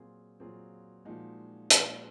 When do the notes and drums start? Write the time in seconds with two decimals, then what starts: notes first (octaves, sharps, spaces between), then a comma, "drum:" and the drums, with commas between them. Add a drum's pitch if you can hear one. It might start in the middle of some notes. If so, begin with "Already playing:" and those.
Already playing: A#2 F#3 C4 F4 G#4
0.40 A#2 F#3 C4 F4 G#4
1.05 A#2 F3 G#3 D#4 F#4
1.70 A#2 F3 G#3 D#4 F#4, drum: hi-hat